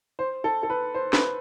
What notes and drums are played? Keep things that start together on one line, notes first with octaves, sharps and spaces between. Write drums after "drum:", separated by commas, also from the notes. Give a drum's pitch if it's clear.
C5
A4
A4
B4
C5
B4, drum: snare